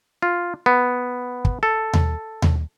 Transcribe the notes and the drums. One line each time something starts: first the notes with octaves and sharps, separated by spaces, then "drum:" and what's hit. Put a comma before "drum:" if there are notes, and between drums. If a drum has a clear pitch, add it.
F4
B3
drum: kick
A4
drum: tom D#2
drum: tom D#2